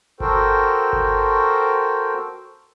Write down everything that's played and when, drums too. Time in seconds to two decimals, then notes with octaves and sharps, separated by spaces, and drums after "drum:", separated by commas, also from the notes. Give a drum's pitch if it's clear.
0.20 F#4 A4 A#4 C5 G5, drum: kick G1
0.93 drum: kick G1